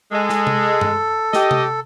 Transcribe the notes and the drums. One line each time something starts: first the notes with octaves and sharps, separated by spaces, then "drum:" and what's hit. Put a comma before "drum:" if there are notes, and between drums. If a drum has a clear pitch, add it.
G#3 A4
drum: snare
drum: tom C3
drum: tom G2
G4 D#5, drum: snare
drum: tom C3